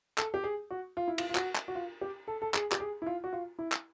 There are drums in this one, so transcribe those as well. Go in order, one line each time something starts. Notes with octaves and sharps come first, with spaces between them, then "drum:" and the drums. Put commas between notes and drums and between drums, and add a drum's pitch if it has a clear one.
A4, drum: clap
G4
G#4
F#4
F4
E4
F4, drum: cymbal
F4
F#4, drum: clap
drum: clap
F#4
F4
G4
A4
A4
G#4, drum: clap
G4, drum: clap
G#4
E4
F4
F#4
F4
E4
drum: clap